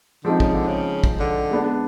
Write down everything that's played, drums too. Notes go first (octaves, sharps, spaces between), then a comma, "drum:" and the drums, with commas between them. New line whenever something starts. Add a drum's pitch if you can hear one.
D3 F3 G#3 C4 D#4
C#3, drum: kick
D3
C#3
drum: kick
D3
G#3 B3 D4